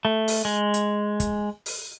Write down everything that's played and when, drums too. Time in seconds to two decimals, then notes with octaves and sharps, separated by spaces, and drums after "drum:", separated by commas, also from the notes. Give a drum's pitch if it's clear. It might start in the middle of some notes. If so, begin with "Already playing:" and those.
0.05 A3
0.28 drum: open hi-hat
0.45 G#3
0.74 drum: hi-hat
1.20 drum: kick, hi-hat
1.66 drum: open hi-hat